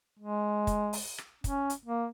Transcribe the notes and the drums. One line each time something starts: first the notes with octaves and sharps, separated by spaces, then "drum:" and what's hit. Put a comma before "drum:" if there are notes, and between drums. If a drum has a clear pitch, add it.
G#3
drum: kick, hi-hat
drum: open hi-hat
drum: rim click
C#4, drum: kick, hi-hat
drum: hi-hat
A#3